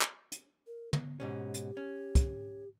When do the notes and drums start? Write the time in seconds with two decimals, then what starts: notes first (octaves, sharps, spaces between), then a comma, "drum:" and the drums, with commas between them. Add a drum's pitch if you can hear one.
0.01 drum: clap
0.32 drum: hi-hat
0.67 A#4
0.93 B3, drum: tom
1.20 G#2 B2 C#4 G4
1.54 drum: hi-hat
1.77 C#4
2.15 drum: kick, hi-hat